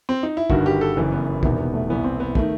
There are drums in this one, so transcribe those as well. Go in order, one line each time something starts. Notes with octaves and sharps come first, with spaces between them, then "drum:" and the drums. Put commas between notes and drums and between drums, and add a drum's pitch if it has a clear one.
C4
D#4
E4
G1 G2 D#3 F#4, drum: kick
G4
A4
F#1 F#2 E3
B3
B3
E1 E2 C3 D#3 B3, drum: kick
B3
A3
C2 C3 E3 B3
C4
B3
D#3 A3, drum: kick